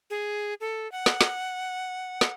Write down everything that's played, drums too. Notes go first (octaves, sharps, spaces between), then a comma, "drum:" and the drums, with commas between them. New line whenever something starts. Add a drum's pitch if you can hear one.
G#4
A4
F#5
drum: snare
drum: snare
drum: snare